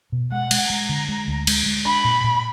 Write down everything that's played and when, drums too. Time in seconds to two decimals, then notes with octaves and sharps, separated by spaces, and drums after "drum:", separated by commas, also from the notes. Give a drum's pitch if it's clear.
0.12 B2
0.32 G#3 F#5
0.51 G#3, drum: cymbal
0.70 G#3 A#5
0.89 D3
1.09 G#3
1.28 D2
1.47 G#3, drum: cymbal
1.66 G#3
1.85 D4 B5
2.04 A#2
2.24 A#2